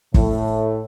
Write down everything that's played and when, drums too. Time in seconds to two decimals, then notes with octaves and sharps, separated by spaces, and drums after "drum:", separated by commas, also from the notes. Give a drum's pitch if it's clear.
0.14 A2, drum: kick